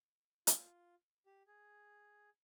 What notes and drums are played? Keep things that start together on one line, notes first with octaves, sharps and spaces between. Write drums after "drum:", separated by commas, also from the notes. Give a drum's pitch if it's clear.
F4, drum: hi-hat
G4
G#4